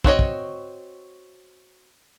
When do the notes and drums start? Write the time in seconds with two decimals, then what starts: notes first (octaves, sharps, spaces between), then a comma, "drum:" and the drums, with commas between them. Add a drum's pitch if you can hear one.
0.04 C4 F#4 C#5 D#5, drum: kick
0.19 drum: kick